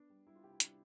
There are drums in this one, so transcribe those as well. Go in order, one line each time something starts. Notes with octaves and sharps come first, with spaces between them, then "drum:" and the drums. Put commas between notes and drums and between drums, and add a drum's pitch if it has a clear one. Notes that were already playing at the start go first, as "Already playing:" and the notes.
Already playing: B3 D4
G3
G3 E4
F4
C3 G4
E4
G3 D4, drum: hi-hat